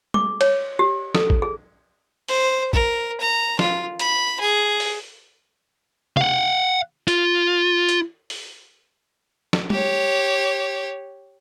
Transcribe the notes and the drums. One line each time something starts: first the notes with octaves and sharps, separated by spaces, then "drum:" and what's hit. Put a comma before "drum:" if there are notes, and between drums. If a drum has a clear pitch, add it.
D6, drum: tom
C#5, drum: cymbal
G4
A4, drum: snare
drum: kick
G#4
C5, drum: open hi-hat
A#4, drum: kick
A#5
F4, drum: snare
B5, drum: hi-hat
G#4
drum: open hi-hat
F5 F#5, drum: tom
F4, drum: hi-hat
drum: hi-hat
drum: open hi-hat
drum: snare
G4 C#5, drum: tom